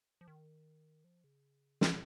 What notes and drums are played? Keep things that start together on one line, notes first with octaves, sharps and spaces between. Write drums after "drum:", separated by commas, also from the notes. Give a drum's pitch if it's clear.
F3
D#3
F3
C#3
A#2, drum: snare